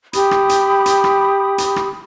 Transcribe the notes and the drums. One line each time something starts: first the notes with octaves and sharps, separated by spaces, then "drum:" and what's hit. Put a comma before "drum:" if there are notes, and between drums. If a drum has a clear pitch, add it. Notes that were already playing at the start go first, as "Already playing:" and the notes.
G4 B5 D#6, drum: hi-hat
drum: rim click
drum: hi-hat
drum: hi-hat
drum: rim click
drum: hi-hat
drum: rim click